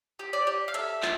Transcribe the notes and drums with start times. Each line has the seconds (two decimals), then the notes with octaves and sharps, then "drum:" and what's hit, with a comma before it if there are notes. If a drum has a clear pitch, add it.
0.19 G4
0.33 D5
0.47 G4
0.68 F5
0.74 A4 E5, drum: hi-hat
1.02 F4, drum: clap